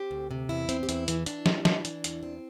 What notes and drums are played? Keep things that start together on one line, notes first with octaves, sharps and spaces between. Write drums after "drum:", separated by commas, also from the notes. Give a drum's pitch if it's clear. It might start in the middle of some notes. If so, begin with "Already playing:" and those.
Already playing: C4 G4
D2
C3
E2 E4
C4, drum: hi-hat
G4
E2 E4, drum: hi-hat
E3, drum: hi-hat
E3 D4, drum: hi-hat
G3, drum: snare
E3, drum: snare
E3, drum: hi-hat
E2, drum: hi-hat
C4